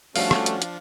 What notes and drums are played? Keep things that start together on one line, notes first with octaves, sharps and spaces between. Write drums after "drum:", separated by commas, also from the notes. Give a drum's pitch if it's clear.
F3 G3 A3 C#4 D4 F#4 F5, drum: open hi-hat
drum: rim click
drum: hi-hat
drum: hi-hat